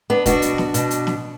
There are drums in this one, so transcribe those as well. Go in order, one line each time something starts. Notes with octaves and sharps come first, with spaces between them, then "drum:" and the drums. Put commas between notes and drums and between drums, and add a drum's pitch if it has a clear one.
B3 D4
B2 D4 F#4, drum: kick, hi-hat
drum: hi-hat
drum: snare
B2, drum: hi-hat
drum: hi-hat
drum: snare